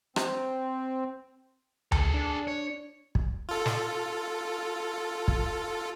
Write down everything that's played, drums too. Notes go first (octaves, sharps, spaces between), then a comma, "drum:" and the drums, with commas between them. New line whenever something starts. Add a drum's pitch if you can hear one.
C4, drum: rim click
G#4 A4, drum: tom D2
D4
C#5
drum: kick
F4 A4
drum: snare
drum: kick